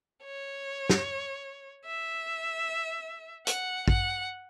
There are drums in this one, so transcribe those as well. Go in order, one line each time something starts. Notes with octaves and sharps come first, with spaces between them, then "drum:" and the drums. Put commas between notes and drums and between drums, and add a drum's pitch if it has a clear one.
C#5
drum: snare
E5
F#5, drum: hi-hat
F#5, drum: kick